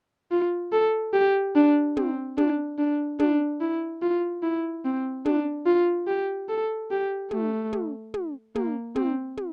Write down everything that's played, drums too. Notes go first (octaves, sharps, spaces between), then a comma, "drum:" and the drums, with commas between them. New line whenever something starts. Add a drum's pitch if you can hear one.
F4
A4
G4
D4
C4, drum: tom
D4, drum: tom
D4
D4, drum: tom
E4
F4
E4
C4
D4, drum: tom
F4
G4
A4
G4
A3, drum: tom
drum: tom
drum: tom
A#3, drum: tom
C4, drum: tom
drum: tom